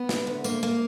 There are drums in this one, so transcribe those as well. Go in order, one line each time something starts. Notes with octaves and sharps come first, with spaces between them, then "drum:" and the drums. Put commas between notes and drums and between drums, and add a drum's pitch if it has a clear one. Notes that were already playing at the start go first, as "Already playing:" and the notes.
Already playing: B3
D2, drum: snare
D2
D2 A#3, drum: tambourine
A#3